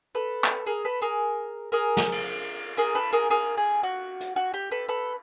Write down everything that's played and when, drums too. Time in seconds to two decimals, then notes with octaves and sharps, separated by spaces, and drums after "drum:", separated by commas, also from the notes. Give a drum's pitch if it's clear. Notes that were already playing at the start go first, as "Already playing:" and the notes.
0.15 A4 B4
0.44 drum: clap
0.66 G#4 A#4
0.85 A4 B4
1.02 G#4 A#4
1.72 G#4 A#4
1.97 drum: snare
2.12 drum: cymbal
2.78 G#4 A#4
2.95 A4 B4
3.12 G#4 A#4
3.30 G#4 A#4
3.57 G#4
3.83 F#4
4.20 drum: hi-hat
4.36 F#4
4.54 G4
4.71 A4 B4
4.89 A4 B4